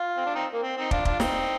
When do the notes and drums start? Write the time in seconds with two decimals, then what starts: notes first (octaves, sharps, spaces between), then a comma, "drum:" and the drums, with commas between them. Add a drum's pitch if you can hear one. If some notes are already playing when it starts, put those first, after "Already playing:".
Already playing: F4
0.17 C4
0.26 D4
0.35 C4 D#4
0.53 A#3
0.63 C4
0.77 C4 D#4
0.91 D4 F4, drum: kick
1.05 D4 F4, drum: kick
1.20 C4 D#4, drum: snare